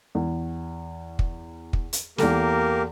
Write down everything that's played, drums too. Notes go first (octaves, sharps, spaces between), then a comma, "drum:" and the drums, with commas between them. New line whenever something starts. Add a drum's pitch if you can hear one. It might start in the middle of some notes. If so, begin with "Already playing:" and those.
E2
drum: kick
drum: kick
drum: hi-hat
E2 A#3 G4 A4 A#4, drum: snare